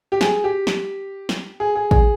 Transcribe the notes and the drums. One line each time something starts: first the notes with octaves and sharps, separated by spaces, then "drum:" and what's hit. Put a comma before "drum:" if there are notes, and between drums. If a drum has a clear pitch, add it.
G4
G#4, drum: snare
G4
drum: snare
drum: snare
G#4
G#4
G#4, drum: kick